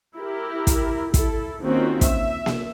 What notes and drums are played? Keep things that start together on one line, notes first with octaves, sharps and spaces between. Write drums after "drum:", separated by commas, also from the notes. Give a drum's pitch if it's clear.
E4 G4 A#4
drum: kick, hi-hat
E4 A4, drum: kick, hi-hat
D#3 A#3 C4 C#4 F4 F#4
E5, drum: kick, hi-hat
drum: snare A#3